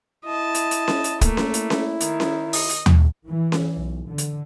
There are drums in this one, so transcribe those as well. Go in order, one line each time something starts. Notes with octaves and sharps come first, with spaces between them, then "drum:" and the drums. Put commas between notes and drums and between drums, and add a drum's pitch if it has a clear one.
E4 D#5 A5
drum: hi-hat
drum: hi-hat
drum: snare C#4
drum: hi-hat
A3 A#3, drum: kick, hi-hat
drum: snare C#4
E4, drum: hi-hat
drum: snare C#4
D#3, drum: hi-hat
drum: snare C#4
D#5, drum: open hi-hat
drum: hi-hat
drum: tom D#2
E3
drum: snare C#4
B1
D3
drum: hi-hat